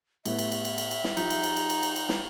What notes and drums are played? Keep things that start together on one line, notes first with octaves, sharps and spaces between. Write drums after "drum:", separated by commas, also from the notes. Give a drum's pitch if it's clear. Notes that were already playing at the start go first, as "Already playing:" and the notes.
A2 B3 E5, drum: cymbal
drum: cymbal
drum: cymbal
drum: cymbal
drum: cymbal
drum: cymbal
drum: snare
F3 D#4, drum: cymbal
drum: cymbal
drum: cymbal
drum: cymbal
drum: cymbal
drum: cymbal
drum: cymbal
drum: snare